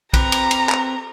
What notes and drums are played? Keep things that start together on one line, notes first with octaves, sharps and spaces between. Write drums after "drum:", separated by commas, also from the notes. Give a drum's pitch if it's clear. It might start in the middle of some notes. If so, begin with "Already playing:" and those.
C4 B4 A#5, drum: kick, cymbal
drum: cymbal
drum: cymbal
drum: clap